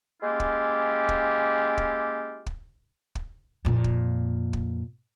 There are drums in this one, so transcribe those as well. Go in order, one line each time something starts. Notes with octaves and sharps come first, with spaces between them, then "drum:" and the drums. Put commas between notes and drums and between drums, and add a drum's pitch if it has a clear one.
G#3 A#3 C#4 E4 F4 G4
drum: kick
drum: kick
drum: kick
drum: kick
drum: kick
F2 A#2
drum: kick
drum: kick